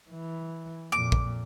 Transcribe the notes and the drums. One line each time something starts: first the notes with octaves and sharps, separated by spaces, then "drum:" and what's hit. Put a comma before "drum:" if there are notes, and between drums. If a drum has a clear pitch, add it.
E3
F2 A#2 D6
drum: kick